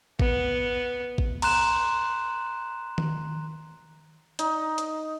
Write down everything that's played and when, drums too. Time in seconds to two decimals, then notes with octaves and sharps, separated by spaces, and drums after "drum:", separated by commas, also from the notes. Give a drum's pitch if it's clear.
0.19 B3, drum: kick A1
1.18 drum: kick A1
1.42 A#5 C6 F#6 E7, drum: cymbal
2.98 drum: tom D#3
4.39 D#4, drum: hi-hat
4.78 drum: hi-hat